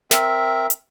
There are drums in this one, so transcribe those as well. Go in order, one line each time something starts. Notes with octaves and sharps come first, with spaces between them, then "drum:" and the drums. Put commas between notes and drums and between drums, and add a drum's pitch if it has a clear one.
C4 A#4 E5, drum: snare
drum: hi-hat